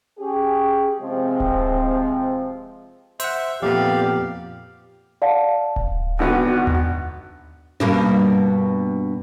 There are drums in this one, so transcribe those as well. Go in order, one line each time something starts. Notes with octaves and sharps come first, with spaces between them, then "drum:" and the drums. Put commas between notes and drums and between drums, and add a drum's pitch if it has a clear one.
C#4 G4 G#4
C3 F3 G#3 C4
drum: kick D1
C5 E5 F#5, drum: hi-hat
F2 A#2 B3 G4 D5 F5
D5 F5 F#5 A5
drum: kick D1
G#1 D3 B3 F#4
F#4, drum: tom D#2
G2 B2 A#3, drum: tom C#4